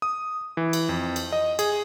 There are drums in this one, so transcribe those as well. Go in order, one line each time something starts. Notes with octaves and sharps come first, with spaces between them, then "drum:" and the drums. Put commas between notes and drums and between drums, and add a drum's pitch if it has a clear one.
D#6
E3
drum: cymbal
F2
drum: cymbal
D#5
G#4, drum: cymbal